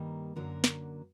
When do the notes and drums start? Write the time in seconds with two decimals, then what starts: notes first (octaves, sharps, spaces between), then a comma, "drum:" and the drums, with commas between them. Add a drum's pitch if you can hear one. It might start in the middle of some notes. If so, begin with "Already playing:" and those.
Already playing: G2 D#3 G3 A#3
0.36 F#2 D3 F#3 A#3 A#4
0.64 drum: snare